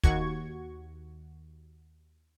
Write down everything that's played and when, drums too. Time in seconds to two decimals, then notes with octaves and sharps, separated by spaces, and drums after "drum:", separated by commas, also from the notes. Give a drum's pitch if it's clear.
0.03 D#2 F#4 C#6 G#6, drum: kick